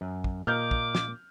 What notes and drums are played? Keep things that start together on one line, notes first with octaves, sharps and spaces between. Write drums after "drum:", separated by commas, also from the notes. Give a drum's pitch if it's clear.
F#2
drum: kick
A#2 A#3 D#5 A#5 D6 F6 G6
drum: kick
drum: snare